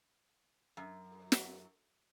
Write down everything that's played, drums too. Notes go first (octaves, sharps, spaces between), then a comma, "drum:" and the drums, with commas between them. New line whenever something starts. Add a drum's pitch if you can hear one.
F#2
drum: snare